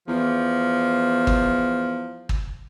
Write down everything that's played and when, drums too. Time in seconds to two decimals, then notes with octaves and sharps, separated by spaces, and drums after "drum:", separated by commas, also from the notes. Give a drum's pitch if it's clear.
0.08 E2 F3
1.27 drum: kick
2.29 drum: kick